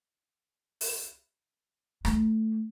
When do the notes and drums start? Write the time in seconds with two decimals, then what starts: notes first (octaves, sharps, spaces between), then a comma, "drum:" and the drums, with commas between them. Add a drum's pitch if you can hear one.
0.81 drum: open hi-hat
2.05 A3, drum: rim click